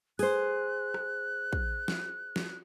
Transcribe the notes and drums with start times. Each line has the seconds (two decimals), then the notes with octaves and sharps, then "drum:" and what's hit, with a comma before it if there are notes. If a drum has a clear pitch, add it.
0.19 G#4 C5 F#6, drum: open hi-hat
0.94 drum: rim click
1.53 drum: kick
1.88 drum: snare
2.36 drum: snare